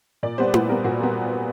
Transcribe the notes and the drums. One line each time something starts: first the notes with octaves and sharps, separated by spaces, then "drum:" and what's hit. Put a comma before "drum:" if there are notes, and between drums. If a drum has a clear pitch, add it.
A#2 D5
G3 B3 C5
A#2 B4, drum: tom E4
G3 B3 A#4
A#2 F#4
G3 B3